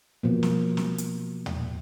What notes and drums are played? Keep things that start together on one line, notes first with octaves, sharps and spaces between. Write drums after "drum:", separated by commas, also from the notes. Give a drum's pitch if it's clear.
B2 F3 A#3
drum: snare
drum: snare
drum: hi-hat
drum: tom